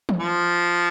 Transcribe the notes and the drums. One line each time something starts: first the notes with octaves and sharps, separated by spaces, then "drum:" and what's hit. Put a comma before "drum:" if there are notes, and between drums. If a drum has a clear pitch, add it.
drum: tom E3
F3